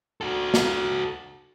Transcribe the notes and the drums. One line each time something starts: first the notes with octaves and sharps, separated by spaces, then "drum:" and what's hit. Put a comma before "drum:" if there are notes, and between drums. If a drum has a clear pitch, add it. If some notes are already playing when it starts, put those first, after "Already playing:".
F#4 A4
drum: snare